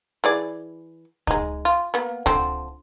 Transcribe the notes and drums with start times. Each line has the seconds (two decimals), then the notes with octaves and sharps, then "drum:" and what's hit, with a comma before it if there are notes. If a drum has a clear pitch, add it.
0.24 E3 G#4 D5
1.27 G#3 D#4, drum: kick
1.65 F4
1.94 A#3 B3
2.26 D3 F3 C4, drum: kick